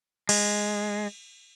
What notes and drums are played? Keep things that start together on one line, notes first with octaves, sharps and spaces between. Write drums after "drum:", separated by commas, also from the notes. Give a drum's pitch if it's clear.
G#3, drum: cymbal